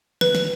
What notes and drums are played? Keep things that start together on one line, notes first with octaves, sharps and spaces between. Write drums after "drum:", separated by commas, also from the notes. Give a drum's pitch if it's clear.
B4, drum: snare
drum: snare